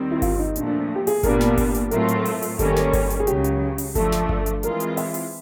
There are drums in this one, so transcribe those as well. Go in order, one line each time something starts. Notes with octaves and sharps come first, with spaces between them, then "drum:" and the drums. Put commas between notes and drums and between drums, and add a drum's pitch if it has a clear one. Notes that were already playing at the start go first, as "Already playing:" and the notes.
Already playing: D#2 D#3 G3 C4
E4
F4, drum: kick G1, open hi-hat
D#4
A#2 F3 A3 D4, drum: hi-hat
D4
D4
G4
G#4, drum: open hi-hat
A#2 G3 B3 D4 A#4, drum: kick G1, hi-hat
drum: snare
drum: kick G1, open hi-hat
drum: hi-hat
A2 F#3 A3 C4 F4 A#4, drum: hi-hat
drum: hi-hat
drum: open hi-hat
drum: open hi-hat
D#3 G3 A#3 C#4 A4, drum: kick G1, hi-hat
drum: snare
drum: kick G1, open hi-hat
drum: hi-hat
G#4
C#2 C#3 F#3 G4, drum: hi-hat
drum: hi-hat
drum: open hi-hat
F3 A3 D4 A4, drum: kick G1, hi-hat
drum: snare
drum: kick G1
drum: hi-hat
E3 G#3 C4 F4 A#4, drum: hi-hat
drum: hi-hat
E5, drum: open hi-hat
drum: open hi-hat